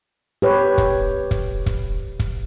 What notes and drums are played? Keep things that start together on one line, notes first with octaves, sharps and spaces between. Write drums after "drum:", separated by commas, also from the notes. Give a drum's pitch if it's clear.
G4 B4 C#5
drum: kick
drum: kick
drum: kick
drum: kick